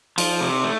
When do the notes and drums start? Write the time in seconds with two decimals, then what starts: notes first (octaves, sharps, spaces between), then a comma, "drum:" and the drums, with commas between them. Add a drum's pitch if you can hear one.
0.18 F3, drum: cymbal
0.41 C3
0.64 A3